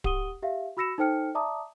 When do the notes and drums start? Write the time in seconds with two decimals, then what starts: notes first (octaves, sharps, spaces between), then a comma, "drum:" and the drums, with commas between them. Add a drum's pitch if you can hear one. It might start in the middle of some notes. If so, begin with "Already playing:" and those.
0.04 G4 F#5 D#6 D#7 G7, drum: kick D1
0.42 G4 E5 F5
0.77 F#4 B5 E6 A#6 C#7 E7
0.98 D#4 A4 C5 G5 F6 C#7
1.35 D5 E5 A5 A#5 D6 D#6